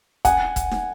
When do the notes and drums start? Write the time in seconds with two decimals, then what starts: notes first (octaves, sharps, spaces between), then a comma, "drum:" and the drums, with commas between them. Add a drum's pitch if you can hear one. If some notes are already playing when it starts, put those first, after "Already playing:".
0.25 F#5 G#5, drum: kick, hi-hat
0.56 drum: kick, hi-hat
0.71 drum: snare